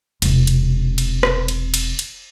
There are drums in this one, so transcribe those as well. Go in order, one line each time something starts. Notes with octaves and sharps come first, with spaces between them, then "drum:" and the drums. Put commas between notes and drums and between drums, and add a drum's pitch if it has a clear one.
E1 C3, drum: cymbal
drum: cymbal
drum: cymbal
drum: rim click
drum: cymbal
drum: cymbal
drum: cymbal